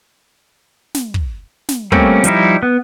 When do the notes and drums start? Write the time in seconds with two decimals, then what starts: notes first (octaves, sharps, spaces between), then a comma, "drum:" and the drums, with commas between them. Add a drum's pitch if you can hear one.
0.94 drum: snare
1.14 drum: kick
1.69 drum: snare
1.92 G3 A3 A#3 C4 C#4, drum: kick
2.24 F3 G3 D#4 E4, drum: hi-hat
2.63 B3